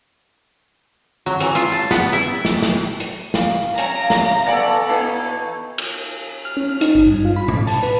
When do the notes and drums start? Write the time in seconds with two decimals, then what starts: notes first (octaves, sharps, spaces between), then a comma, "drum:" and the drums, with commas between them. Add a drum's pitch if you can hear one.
1.26 F#3
1.40 E3, drum: hi-hat
1.55 F4, drum: hi-hat
1.72 A5
1.91 B3, drum: snare
2.13 E4
2.45 drum: snare
2.62 drum: snare
3.00 drum: hi-hat
3.34 F5, drum: snare
3.78 C#4 G4 E5 A#5, drum: hi-hat
4.10 drum: snare
4.46 E3 B3 F#4 A4 D5
4.88 A2 A#3 D#4
5.78 drum: cymbal
6.45 F6
6.57 C#4
6.69 F6
6.81 D#4, drum: hi-hat
6.95 G#1
7.06 G2
7.25 F4
7.36 B5
7.48 A2, drum: tom B2
7.67 A5, drum: open hi-hat
7.83 B4